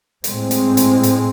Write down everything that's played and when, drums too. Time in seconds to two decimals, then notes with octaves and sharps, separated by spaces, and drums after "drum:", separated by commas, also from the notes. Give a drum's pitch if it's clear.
0.24 A2 G#3 C4, drum: hi-hat
0.51 drum: hi-hat
0.77 drum: hi-hat
1.03 drum: hi-hat